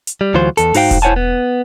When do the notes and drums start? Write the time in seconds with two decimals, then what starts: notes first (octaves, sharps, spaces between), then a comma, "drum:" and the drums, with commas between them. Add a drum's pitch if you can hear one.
0.07 drum: hi-hat
0.21 G3
0.34 D2 E3 F#3 F4 C5
0.57 E2 A4, drum: hi-hat
0.74 G#2 D#4 F#4 C5 F5 G5, drum: open hi-hat
0.91 drum: kick E1, hi-hat
1.02 E4 C5 C#5 F#5 G#5 A5
1.16 B3